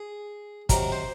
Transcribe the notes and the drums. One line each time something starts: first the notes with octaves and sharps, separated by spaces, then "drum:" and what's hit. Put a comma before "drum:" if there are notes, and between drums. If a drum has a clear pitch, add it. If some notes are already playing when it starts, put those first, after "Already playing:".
Already playing: G#4
C3 D#3 F#3 A#4, drum: kick, hi-hat
C5